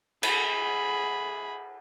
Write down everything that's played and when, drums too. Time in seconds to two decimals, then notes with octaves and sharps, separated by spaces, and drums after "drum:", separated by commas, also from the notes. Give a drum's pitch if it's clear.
0.23 G#4 B5, drum: cymbal